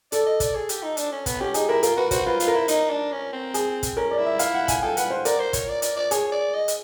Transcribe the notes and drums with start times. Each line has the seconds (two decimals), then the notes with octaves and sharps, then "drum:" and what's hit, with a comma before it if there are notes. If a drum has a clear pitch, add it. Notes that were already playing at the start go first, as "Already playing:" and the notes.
0.12 A4 D5, drum: hi-hat
0.26 D#5
0.40 D5, drum: kick, hi-hat
0.55 G#4
0.69 G4, drum: hi-hat
0.83 D#4
0.97 D4, drum: hi-hat
1.12 C#4
1.26 B3, drum: kick, hi-hat
1.40 C#4 G4
1.54 D#4 G#4, drum: hi-hat
1.68 E4 A#4
1.83 F4 A#4, drum: hi-hat
1.97 F#4 B4
2.11 F#4 C5, drum: kick, hi-hat
2.26 F4 B4
2.40 F4, drum: hi-hat
2.48 A#4
2.54 E4
2.68 D#4, drum: hi-hat
2.89 D4
3.12 C#4
3.33 C4
3.54 G#4, drum: hi-hat
3.83 drum: kick, hi-hat
3.97 C#4 A#4
4.11 D5
4.18 E4
4.26 E5
4.39 F5, drum: hi-hat
4.54 F#5
4.68 G#5, drum: kick, hi-hat
4.83 A4 G5
4.97 B4 F#5, drum: hi-hat
5.10 C5
5.25 A#4 D5, drum: hi-hat
5.39 C5
5.53 C#5, drum: kick, hi-hat
5.69 D5
5.82 D5, drum: hi-hat
5.97 D5
6.11 G#4 C#5, drum: hi-hat
6.32 D5
6.54 D#5
6.68 drum: hi-hat